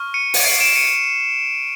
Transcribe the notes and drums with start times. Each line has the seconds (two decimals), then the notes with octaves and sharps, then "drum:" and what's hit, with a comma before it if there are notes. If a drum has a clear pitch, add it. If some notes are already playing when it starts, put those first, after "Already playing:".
Already playing: C#6 F6
0.14 C#7 D#7
0.34 drum: open hi-hat
0.44 C7 D7
0.60 D7 E7
0.76 C#7 D#7